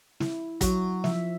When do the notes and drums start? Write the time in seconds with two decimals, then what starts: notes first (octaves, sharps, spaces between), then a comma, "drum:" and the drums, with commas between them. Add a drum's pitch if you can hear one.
0.20 E4, drum: snare
0.61 F#3, drum: kick, hi-hat
1.04 F3 E5, drum: snare